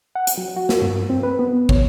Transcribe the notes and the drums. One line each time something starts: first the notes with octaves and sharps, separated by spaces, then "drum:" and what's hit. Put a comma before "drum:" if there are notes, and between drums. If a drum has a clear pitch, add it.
F#5
drum: hi-hat
F#3
F#4
drum: snare
G2
C4
B4
B3
C#5, drum: kick